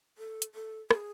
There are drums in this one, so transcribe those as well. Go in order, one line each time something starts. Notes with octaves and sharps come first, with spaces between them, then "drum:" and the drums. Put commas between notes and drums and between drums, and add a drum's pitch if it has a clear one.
A4
drum: hi-hat
A4
G#4, drum: rim click